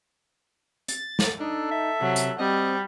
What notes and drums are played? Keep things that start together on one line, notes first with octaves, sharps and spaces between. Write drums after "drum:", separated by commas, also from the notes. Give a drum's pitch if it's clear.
A6, drum: hi-hat
drum: snare
D4 D#4 A4
E5
C3 F#3
drum: hi-hat
G3 C4 D#5